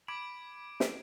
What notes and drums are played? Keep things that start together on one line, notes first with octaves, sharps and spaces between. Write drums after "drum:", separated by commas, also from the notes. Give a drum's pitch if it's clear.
B5 D6 G#6 D7
drum: snare